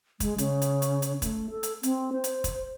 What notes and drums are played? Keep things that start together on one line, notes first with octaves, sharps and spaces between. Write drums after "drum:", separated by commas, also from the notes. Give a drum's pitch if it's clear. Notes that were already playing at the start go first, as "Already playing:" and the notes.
G#3, drum: kick, hi-hat
C#3, drum: hi-hat
drum: hi-hat
drum: hi-hat
drum: hi-hat
A3, drum: kick, hi-hat
A4
drum: hi-hat
C4, drum: hi-hat
C5
drum: hi-hat
drum: kick, hi-hat